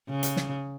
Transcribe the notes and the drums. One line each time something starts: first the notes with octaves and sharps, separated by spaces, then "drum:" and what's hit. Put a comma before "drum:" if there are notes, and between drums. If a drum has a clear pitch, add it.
C#3
drum: hi-hat
drum: snare